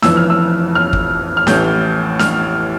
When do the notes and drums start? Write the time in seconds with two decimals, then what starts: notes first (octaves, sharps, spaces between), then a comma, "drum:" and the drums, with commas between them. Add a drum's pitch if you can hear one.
0.02 F1 F2 E3 E6, drum: snare D4
0.17 F6
0.30 E6
0.75 F6
0.93 drum: kick
1.37 F6
1.47 A1 A2 E3 G6, drum: snare D4
2.19 F6, drum: snare D4